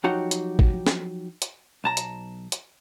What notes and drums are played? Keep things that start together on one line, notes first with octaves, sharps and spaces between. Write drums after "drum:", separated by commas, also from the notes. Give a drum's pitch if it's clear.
F3 F#3 D#4 F#4 G4 F#5
drum: hi-hat
drum: kick
drum: snare
drum: hi-hat
B1 A5 A#5
drum: hi-hat
drum: hi-hat